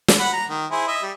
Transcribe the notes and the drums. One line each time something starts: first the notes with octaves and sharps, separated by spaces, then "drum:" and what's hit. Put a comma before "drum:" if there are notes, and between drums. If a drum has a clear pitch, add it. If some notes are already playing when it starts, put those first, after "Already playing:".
drum: snare
F#5 B5
A#5
D#3
E4 G#4 C5
D#5 E5
G3